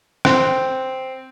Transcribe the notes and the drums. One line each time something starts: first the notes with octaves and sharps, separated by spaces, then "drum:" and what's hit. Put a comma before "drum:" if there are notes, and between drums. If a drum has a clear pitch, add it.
C4, drum: rim click